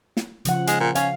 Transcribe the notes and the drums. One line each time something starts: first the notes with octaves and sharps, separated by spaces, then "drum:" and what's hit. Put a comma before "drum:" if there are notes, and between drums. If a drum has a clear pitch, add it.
drum: snare
C#3 F3 F#5, drum: hi-hat
G#3, drum: hi-hat
A#2
C#4 F5, drum: hi-hat